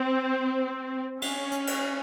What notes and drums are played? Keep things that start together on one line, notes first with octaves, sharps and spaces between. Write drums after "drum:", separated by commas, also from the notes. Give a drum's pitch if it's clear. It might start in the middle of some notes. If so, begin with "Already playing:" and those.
Already playing: C4
C#4, drum: cymbal
drum: hi-hat
drum: cymbal